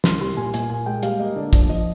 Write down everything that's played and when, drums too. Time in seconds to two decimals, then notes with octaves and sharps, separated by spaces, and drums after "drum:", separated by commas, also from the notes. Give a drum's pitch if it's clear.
0.04 C2 C6, drum: snare
0.21 G3 C6
0.37 A#2 G#5
0.54 A#2 G#5, drum: hi-hat
0.70 A#2 G#5
0.86 G#3 G5
1.03 G3 F5, drum: hi-hat
1.20 A#3 D#5
1.36 D3 D5
1.53 F3 D5, drum: kick, hi-hat
1.69 F3 D#5